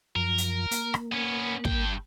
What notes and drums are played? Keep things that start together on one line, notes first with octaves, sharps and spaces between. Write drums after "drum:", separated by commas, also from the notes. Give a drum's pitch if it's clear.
F#2 F3 A#4
drum: hi-hat
A#3, drum: hi-hat
drum: rim click
B3 C#4
G2 G5, drum: kick